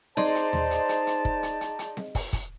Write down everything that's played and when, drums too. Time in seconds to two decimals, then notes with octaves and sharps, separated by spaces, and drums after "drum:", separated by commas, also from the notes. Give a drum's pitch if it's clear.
0.17 D#4 G#4 C5 D5 D#5 A5 C6, drum: snare C4
0.35 drum: hi-hat
0.53 drum: tom D#2
0.71 drum: hi-hat
0.89 drum: hi-hat
1.07 drum: hi-hat
1.25 drum: kick
1.43 drum: hi-hat
1.61 drum: hi-hat
1.79 drum: hi-hat
1.97 drum: snare C4
2.15 drum: kick, open hi-hat
2.33 drum: kick, hi-hat